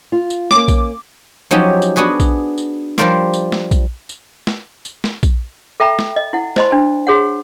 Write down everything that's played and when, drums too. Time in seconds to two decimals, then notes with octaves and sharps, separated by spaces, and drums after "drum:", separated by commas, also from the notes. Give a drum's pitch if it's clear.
0.12 F4
0.30 drum: tambourine
0.51 A#3 C#4 D6, drum: snare
0.68 drum: kick A#1, tambourine
1.51 F3 F#3 C#4 D#4 G4
1.82 drum: tambourine
1.96 B3 D4 F#4 G#4 B4
2.20 drum: kick A#1, tambourine
2.58 drum: tambourine
2.98 F3 G3 A#4 C5 D5 F5, drum: snare
3.33 drum: tambourine
3.52 drum: snare
3.71 drum: kick A#1, tambourine
4.09 drum: tambourine
4.47 drum: snare
4.85 drum: tambourine
5.04 drum: snare
5.23 drum: kick A#1, tambourine
5.80 A4 E5 G5 A#5 B5
5.99 drum: snare
6.16 D#5
6.33 E4 F#5
6.56 C5 D5 D#5 A5 B5 C6, drum: snare
6.71 D4 A5
7.07 F#4 G#4 C#5 F#5